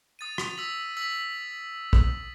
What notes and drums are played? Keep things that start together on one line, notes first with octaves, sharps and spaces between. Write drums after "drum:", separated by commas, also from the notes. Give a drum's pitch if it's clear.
D#6 A6 D#7
drum: rim click
E6 B6 F#7
E6 B6 F#7
drum: kick